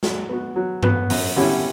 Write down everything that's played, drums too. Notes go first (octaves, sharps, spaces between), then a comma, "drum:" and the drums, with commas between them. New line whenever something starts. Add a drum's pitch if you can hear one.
F#3, drum: snare
B3 F#4
F#3
B3 F#4, drum: tom G2
F#2, drum: open hi-hat
D3 G3 C#4 E4